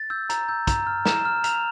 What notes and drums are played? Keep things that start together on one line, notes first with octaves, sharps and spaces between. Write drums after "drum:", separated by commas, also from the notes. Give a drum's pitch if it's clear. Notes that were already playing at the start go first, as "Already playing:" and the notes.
Already playing: A6
E6 G6
A#5, drum: hi-hat
E6 G6
A#5, drum: kick, hi-hat
F6
A#5 E7, drum: snare
F6
A#5 F7, drum: hi-hat